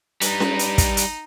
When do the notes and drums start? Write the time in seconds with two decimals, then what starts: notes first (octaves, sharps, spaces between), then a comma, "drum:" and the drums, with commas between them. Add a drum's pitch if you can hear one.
0.21 G3 D#4 B4, drum: hi-hat
0.40 drum: snare C#4
0.59 drum: hi-hat
0.78 drum: kick, hi-hat
0.97 drum: hi-hat